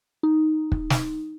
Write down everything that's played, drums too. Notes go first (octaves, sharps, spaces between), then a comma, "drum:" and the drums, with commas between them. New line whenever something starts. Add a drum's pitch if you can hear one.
D#4
drum: kick
drum: snare